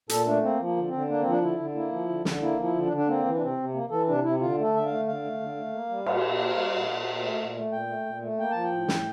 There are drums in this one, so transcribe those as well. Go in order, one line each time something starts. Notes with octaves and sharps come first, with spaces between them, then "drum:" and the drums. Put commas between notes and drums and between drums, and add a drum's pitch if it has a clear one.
A#2 A4, drum: hi-hat
A3 D4
A#3 C4
F3 A#3
D3
C4
D3
A#3 D4
F3 C4
D4
D3 E4
D3
A#3 E4
F3
D3
D3, drum: snare
A#3 E4
F3
E4
D3
D4
D3
D4
A#3 C4
E3
D4
C3 C4
C3
A#3
E3 A4
C3 D4
C3 E4
D3 F4
A3 A4
D3 E5
A3 F5
D3 F5
A3
D3
A3
A#3
G3
A#2, drum: cymbal
A#2
A#3
G3
A#2
A#2
A#2
A3
A#2
A3
A#2 G5
A3
A#2
A3
A#3 G5
F3 A5
G5
A2
A2, drum: snare